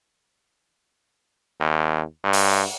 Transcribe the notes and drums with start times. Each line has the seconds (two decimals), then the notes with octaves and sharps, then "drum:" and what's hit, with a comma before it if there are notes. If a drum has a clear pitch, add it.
1.60 D#2
2.24 G2
2.33 drum: open hi-hat